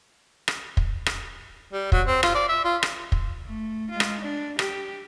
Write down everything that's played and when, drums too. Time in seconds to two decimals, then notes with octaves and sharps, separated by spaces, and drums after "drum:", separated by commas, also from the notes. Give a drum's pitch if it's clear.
0.48 drum: rim click
0.77 drum: kick
1.06 drum: rim click
1.73 G3
1.92 F#3, drum: kick
2.07 C4
2.23 F4, drum: rim click
2.35 D5
2.49 E5
2.65 F4
2.83 drum: rim click
3.12 drum: kick
3.47 A3
3.91 G#3 F4
4.00 drum: rim click
4.21 D4
4.59 G4, drum: rim click